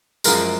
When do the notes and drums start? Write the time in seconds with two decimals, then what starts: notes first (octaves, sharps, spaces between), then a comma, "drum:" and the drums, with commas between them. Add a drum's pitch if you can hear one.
0.24 F#2 F3 G#3 A#4, drum: tambourine